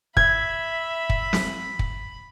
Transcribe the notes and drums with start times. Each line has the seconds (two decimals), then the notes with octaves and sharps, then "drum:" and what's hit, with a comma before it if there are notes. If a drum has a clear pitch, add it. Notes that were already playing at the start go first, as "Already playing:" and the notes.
0.17 E5 B5 G#6, drum: kick
1.10 drum: kick
1.33 drum: snare
1.79 drum: kick